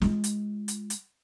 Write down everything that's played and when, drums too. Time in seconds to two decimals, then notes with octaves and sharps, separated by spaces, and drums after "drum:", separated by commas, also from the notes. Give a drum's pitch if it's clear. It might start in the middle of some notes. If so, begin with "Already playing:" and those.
0.01 G#3 F4, drum: snare
0.24 drum: hi-hat
0.68 drum: hi-hat
0.90 drum: hi-hat